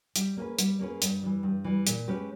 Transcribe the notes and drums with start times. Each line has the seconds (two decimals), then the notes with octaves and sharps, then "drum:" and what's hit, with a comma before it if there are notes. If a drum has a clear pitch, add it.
0.16 G3, drum: hi-hat
0.37 A#3 C#4 G#4 B4
0.59 G3, drum: hi-hat
0.79 A#3 C#4 G#4 B4
1.02 G2, drum: hi-hat
1.23 E3 G3
1.43 G2
1.64 E3 G3
1.87 A#2, drum: hi-hat
2.08 G#3 C#4 G4 B4